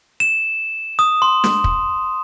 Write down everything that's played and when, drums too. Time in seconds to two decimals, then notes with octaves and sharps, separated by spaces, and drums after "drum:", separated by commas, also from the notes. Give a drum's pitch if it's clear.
0.20 E7
0.99 D#6
1.22 C6
1.44 drum: snare
1.64 drum: kick